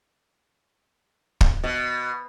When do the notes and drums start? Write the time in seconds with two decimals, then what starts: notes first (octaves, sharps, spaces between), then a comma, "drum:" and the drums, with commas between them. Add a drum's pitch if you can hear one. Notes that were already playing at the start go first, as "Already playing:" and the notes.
1.41 drum: kick
1.64 B2